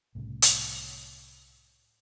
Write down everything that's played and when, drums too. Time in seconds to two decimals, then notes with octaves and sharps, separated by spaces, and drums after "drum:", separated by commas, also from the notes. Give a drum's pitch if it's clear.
0.15 C2 A2 C#3
0.42 drum: hi-hat